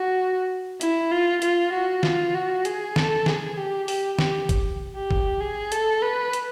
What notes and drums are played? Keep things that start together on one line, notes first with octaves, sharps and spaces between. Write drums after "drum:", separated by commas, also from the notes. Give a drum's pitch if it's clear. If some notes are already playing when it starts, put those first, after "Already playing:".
Already playing: F#4
E4, drum: hi-hat
F4
F4, drum: hi-hat
F#4
F4, drum: snare
F#4
G#4, drum: hi-hat
A4, drum: snare
G#4, drum: snare
G4
G4, drum: open hi-hat
G4, drum: snare
drum: kick, hi-hat
G4
drum: kick
G#4
A4, drum: hi-hat
B4
drum: hi-hat